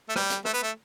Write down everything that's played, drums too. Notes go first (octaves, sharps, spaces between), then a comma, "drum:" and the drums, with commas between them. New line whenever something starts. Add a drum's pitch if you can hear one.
A3
G3, drum: rim click
drum: hi-hat
A3, drum: rim click
B3
A3